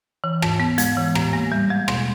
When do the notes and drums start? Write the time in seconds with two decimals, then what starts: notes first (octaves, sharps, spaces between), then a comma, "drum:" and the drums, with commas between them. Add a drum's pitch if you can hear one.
0.24 E3
0.42 G#2, drum: rim click
0.60 B3
0.78 G#3, drum: hi-hat
0.97 E3
1.15 A2, drum: rim click
1.33 A#3
1.52 G3
1.70 G#3
1.88 B2, drum: rim click